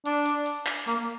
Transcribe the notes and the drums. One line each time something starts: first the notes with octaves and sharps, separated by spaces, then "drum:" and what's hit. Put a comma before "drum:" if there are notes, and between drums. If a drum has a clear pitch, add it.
D4, drum: hi-hat
drum: hi-hat
drum: hi-hat
drum: clap
A#3, drum: hi-hat